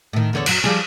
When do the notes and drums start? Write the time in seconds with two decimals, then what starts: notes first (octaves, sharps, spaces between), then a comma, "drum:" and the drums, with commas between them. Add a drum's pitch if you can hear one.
0.13 A2 D#3
0.33 E2 D3 C#5
0.46 F#2 F#3, drum: cymbal
0.64 F3 G3 G#4